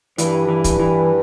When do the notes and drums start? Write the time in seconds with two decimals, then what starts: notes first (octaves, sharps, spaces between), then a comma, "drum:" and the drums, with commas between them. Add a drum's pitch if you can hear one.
0.18 G2 E3, drum: hi-hat
0.49 E3
0.64 drum: kick, hi-hat
0.80 E3